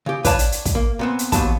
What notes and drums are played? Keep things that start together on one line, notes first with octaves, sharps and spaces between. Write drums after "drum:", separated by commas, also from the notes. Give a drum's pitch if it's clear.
C#3 G4
B4 C#5 D5 F5 A5, drum: kick, hi-hat
drum: hi-hat
drum: hi-hat
drum: kick, hi-hat
A#3
A#2 B3 C4
drum: hi-hat
D#2 F3 F#3 B3 A5, drum: kick, hi-hat